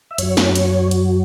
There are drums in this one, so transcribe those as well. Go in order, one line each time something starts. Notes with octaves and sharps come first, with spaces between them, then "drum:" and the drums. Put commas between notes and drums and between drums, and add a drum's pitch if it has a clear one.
E5
F#2 F#3 C#5, drum: hi-hat
drum: snare
C#5, drum: hi-hat
drum: hi-hat